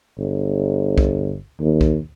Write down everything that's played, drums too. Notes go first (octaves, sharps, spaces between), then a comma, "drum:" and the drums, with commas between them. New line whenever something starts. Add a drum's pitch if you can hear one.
G1
drum: kick B1
D#2
drum: kick B1